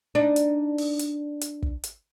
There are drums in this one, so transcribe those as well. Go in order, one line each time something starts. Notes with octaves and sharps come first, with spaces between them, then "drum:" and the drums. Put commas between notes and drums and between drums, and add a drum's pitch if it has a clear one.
D4 D#4
drum: hi-hat
drum: open hi-hat
drum: hi-hat
drum: hi-hat
drum: kick
drum: hi-hat